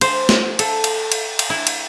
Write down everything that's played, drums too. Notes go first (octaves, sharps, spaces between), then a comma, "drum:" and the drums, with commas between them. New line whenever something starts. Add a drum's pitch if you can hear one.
C5, drum: cymbal
drum: snare
A4, drum: cymbal
drum: cymbal
drum: cymbal
drum: cymbal
E4
drum: cymbal